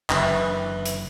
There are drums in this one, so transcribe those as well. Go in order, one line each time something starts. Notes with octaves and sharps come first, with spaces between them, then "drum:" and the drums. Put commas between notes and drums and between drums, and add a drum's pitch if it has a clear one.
F#1 D3 E3 B4, drum: clap
drum: hi-hat